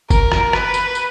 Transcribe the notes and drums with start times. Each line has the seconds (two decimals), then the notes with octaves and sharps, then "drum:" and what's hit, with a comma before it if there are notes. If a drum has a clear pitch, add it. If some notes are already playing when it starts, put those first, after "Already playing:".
0.10 A#4, drum: kick F#1, tambourine
0.32 drum: rim click
0.53 B4, drum: rim click
0.74 drum: tambourine
0.95 drum: tambourine